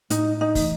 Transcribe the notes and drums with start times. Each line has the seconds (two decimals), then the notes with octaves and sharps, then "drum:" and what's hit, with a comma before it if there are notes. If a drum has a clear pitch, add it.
0.10 A2 D#4, drum: hi-hat
0.41 D#4
0.55 E3 A3, drum: kick, open hi-hat